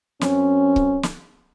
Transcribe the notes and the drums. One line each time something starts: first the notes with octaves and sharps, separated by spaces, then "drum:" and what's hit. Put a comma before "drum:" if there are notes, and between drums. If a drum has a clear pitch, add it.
F#2 C4 C#4, drum: snare
drum: kick C#1
drum: snare